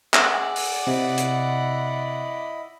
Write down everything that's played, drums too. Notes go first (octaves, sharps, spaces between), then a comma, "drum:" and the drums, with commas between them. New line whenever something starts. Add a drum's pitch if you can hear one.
G#4 D5 F#5 E6, drum: clap
drum: open hi-hat
C3 E4 D#5 B5
drum: hi-hat